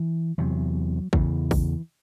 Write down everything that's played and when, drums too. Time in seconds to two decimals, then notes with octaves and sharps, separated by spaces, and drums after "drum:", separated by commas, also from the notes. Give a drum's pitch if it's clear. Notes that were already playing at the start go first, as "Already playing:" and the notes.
Already playing: E3
0.38 E2 C3 F#3
1.13 E2 C#3 E3, drum: kick
1.51 drum: kick, open hi-hat